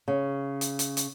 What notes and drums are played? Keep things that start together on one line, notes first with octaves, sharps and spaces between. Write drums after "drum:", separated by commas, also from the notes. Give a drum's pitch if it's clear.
C#3
drum: hi-hat
drum: hi-hat
drum: hi-hat